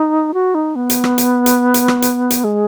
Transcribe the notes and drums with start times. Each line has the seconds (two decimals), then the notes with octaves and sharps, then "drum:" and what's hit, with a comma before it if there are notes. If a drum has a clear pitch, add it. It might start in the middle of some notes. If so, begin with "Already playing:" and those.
Already playing: D#4
0.34 F#4
0.54 D#4
0.75 B3
0.90 drum: hi-hat
1.04 drum: rim click
1.18 drum: hi-hat
1.46 drum: hi-hat
1.74 drum: hi-hat
1.88 drum: rim click
2.02 drum: hi-hat
2.30 drum: hi-hat
2.44 G#3